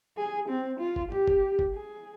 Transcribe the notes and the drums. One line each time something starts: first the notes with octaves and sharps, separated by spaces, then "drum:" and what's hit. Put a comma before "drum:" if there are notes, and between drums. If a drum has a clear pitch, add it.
G#4
C4
F4
drum: kick
G4, drum: tom G#2
drum: kick
drum: kick
G#4